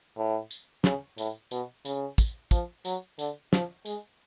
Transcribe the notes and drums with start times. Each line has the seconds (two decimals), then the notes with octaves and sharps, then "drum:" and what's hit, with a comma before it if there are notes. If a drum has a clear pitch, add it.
0.17 A2
0.51 drum: tambourine
0.84 C#3, drum: snare
1.18 A2, drum: tambourine
1.51 B2, drum: tambourine
1.85 C#3, drum: tambourine
2.18 drum: kick, tambourine
2.51 F3, drum: kick, tambourine
2.85 F#3, drum: tambourine
3.19 D3, drum: tambourine
3.53 F3, drum: snare
3.86 G#3, drum: tambourine